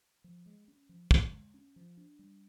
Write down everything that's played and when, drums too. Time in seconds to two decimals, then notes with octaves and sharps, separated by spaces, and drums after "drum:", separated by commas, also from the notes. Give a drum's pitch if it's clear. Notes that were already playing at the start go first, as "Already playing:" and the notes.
0.24 F3
0.46 G#3
0.68 C#4
0.89 F3
1.11 F3, drum: kick
1.32 G#3
1.54 C#4
1.76 F3
1.97 D4
2.19 G3